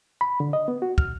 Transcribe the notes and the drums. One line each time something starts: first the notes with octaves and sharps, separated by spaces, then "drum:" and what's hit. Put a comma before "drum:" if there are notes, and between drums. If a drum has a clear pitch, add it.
B5
D3
D#5
B3
F#4
F6, drum: kick